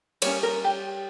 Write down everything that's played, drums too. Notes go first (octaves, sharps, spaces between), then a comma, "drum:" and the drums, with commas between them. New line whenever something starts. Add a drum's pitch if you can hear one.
G3 A#3 C#4 C#5, drum: cymbal
A#4
G4